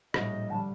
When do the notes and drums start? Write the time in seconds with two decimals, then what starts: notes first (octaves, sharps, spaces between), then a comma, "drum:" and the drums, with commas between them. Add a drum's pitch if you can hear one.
0.14 A#1 A2 G3 D#5, drum: rim click
0.50 D3 G3 D4 A5